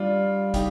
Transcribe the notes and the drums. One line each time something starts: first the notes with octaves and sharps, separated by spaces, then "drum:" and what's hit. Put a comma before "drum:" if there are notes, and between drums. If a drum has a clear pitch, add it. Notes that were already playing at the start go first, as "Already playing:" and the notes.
Already playing: G3 D4 F4
D#4 G4, drum: kick, hi-hat